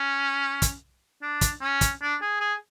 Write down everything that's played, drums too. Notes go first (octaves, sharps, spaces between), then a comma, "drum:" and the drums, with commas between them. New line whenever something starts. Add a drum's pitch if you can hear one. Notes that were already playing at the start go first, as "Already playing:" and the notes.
Already playing: C#4
drum: kick, hi-hat
D4
drum: kick, hi-hat
C#4
drum: kick, hi-hat
D4
G#4
G#4